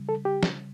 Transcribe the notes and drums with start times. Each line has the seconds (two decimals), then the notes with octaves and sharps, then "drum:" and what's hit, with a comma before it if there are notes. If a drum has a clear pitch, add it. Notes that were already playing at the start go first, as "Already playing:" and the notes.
Already playing: C#3 G3
0.09 A4
0.25 G4
0.43 drum: snare